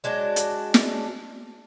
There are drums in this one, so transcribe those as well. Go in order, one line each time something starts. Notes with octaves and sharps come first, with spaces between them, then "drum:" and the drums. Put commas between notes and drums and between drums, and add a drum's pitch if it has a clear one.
F#3 G#3 D4 F#4
drum: hi-hat
drum: snare